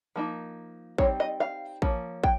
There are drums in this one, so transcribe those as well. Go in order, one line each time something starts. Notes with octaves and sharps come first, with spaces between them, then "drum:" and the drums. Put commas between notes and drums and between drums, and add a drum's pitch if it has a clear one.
F3 A#3 D#4
G3 C4 D#4 C#5, drum: kick
D#5
F5
F3 A#3 C#4, drum: kick
G5, drum: kick